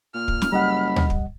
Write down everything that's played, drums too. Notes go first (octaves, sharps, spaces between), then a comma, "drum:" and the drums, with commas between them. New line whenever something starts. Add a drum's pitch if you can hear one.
A#2 F6
drum: kick
drum: snare
F#1 G3 D#5 F#5 B5
drum: tom D2
drum: kick